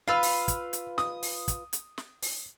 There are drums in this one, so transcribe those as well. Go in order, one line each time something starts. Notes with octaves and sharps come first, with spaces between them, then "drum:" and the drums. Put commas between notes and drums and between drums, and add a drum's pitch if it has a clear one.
F4 B4 F5 E6
drum: open hi-hat
drum: kick, hi-hat
drum: hi-hat
D#6, drum: snare
drum: open hi-hat
drum: kick, hi-hat
drum: hi-hat
drum: snare
drum: open hi-hat